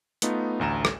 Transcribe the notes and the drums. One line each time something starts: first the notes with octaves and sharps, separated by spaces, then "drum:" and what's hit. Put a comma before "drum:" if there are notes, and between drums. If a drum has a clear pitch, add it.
A3 B3 D#4 F4, drum: hi-hat
A1 D2 A#5 E7
drum: rim click